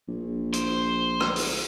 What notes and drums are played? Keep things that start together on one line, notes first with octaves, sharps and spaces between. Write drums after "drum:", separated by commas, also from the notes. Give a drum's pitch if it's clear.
A#1
C5, drum: hi-hat
drum: rim click
drum: open hi-hat